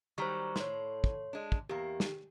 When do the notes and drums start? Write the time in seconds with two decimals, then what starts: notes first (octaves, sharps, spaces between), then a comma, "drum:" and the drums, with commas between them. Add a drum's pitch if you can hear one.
0.18 D#3 F#3 G3 C5 A#5 C#6
0.56 A2 C#5 C6, drum: snare
1.04 drum: kick
1.33 G#3 D4
1.52 drum: kick
1.69 E2 A#3 G4
2.00 drum: snare